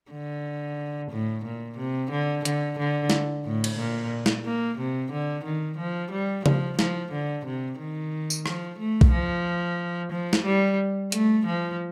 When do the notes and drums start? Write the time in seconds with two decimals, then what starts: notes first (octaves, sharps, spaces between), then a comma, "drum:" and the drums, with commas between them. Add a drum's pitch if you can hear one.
0.11 D3
1.11 A2
1.45 A#2
1.78 C3
2.11 D3
2.45 D3, drum: hi-hat
2.79 D3
3.10 drum: snare
3.45 A2
3.64 drum: cymbal
3.78 A#2
4.26 drum: snare
4.45 A#3
4.78 C3
5.12 D3
5.45 D#3
5.78 F3
6.12 G3
6.46 F3, drum: tom C#3
6.79 F3, drum: snare
7.12 D3
7.45 C3
7.79 D#3
8.30 drum: tambourine
8.46 F3, drum: rim click
8.79 A3
9.01 drum: kick A#1
9.12 F3
10.12 F3
10.33 drum: snare
10.45 G3
11.12 A3, drum: hi-hat
11.46 F3